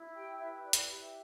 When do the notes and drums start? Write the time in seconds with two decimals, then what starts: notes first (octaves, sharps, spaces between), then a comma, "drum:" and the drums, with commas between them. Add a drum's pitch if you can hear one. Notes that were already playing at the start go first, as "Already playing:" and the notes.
Already playing: E4
0.14 G4 G5
0.38 B4 E5
0.52 E5
0.61 E4 D5
0.73 drum: hi-hat
0.85 G4
0.98 E5